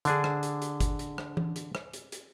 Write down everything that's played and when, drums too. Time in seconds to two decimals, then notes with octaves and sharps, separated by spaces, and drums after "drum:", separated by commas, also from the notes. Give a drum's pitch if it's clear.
0.05 D3 D4 G#4, drum: hi-hat
0.24 drum: rim click
0.43 drum: hi-hat
0.62 drum: hi-hat
0.80 drum: kick G1, hi-hat
0.99 drum: hi-hat
1.18 drum: rim click
1.37 drum: tom E3
1.56 drum: hi-hat
1.75 drum: rim click
1.93 drum: hi-hat
2.12 drum: hi-hat